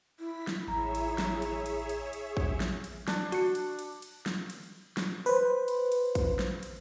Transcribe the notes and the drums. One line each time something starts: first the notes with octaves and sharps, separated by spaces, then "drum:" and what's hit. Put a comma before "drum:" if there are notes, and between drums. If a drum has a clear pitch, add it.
E4 B6
drum: snare
A1 G#4 C#5 E5 A#5
drum: cymbal
drum: snare
drum: cymbal
drum: cymbal
drum: cymbal
drum: cymbal
drum: kick
drum: snare
drum: cymbal
D4, drum: snare
F#4 C#7, drum: cymbal
drum: cymbal
drum: cymbal
drum: cymbal
drum: snare
drum: cymbal
drum: snare
B4 C5
drum: cymbal
drum: cymbal
drum: kick, cymbal
drum: snare
drum: cymbal